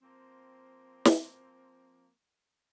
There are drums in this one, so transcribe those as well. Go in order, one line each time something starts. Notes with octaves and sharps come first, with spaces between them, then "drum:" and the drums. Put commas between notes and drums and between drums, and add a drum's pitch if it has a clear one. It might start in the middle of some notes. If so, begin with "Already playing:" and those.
F3 A#3 C4
drum: snare